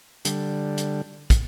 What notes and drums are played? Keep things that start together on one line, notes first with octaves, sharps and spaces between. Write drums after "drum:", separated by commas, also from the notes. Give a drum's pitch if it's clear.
D3 G3, drum: hi-hat
drum: hi-hat
drum: kick, hi-hat